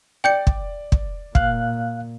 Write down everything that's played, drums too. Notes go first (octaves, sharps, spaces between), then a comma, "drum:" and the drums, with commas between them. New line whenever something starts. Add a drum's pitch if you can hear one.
D5 G5 G6 C#7
drum: kick
drum: kick
A#2 F5 F#6, drum: kick